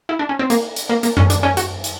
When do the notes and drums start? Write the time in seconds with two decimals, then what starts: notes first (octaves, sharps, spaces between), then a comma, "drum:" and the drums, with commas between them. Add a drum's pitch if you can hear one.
0.09 E4
0.19 D4
0.29 C#4
0.39 C4
0.50 A#3, drum: hi-hat
0.76 drum: hi-hat
0.89 A#3
1.03 A#3, drum: hi-hat
1.17 C#4, drum: tom F#2
1.30 D4, drum: hi-hat
1.43 C#4
1.57 F#4, drum: hi-hat
1.84 drum: hi-hat